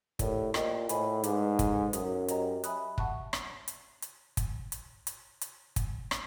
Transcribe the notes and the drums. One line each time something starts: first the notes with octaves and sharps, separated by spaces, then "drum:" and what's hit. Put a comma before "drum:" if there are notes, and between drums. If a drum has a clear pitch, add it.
A2 G4 A#4 D5, drum: kick, hi-hat
A#2 C5 D#5 G5, drum: rim click
A2 A4 C5 D#5 G#5 B5, drum: hi-hat
G#2 B4 D5 F5 A#5 D6, drum: hi-hat
A4 C#5 F5 G#5 C6, drum: kick, hi-hat
F#2 F#5 A#5 D#6, drum: hi-hat
G4 C5 D#5 G5 A#5, drum: hi-hat
E5 G#5 B5 D#6 F#6, drum: hi-hat
F#5 A5 C#6 F#6, drum: kick
drum: rim click
drum: hi-hat
drum: hi-hat
drum: kick, hi-hat
drum: hi-hat
drum: hi-hat
drum: hi-hat
drum: kick, hi-hat
drum: rim click